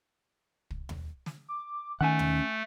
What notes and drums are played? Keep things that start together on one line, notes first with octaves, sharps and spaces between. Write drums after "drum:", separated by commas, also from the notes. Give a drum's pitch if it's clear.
drum: kick
drum: tom D#2
drum: snare
D6
D#3 A3 C#4 F#5 G#5
drum: tom D#2